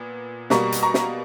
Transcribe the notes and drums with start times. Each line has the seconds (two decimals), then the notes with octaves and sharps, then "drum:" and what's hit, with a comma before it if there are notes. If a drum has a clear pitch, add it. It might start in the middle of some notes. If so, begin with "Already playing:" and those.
Already playing: A#2 B3
0.50 B2 G3 A#3 A#5 C#6, drum: snare
0.72 drum: hi-hat
0.83 A#5 C#6
0.94 drum: snare